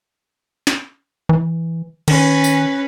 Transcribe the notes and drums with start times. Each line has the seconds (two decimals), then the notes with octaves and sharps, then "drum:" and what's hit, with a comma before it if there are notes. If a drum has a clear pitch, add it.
0.67 drum: snare
1.29 E3
2.08 D#3 C#4 B4, drum: cymbal
2.44 drum: tambourine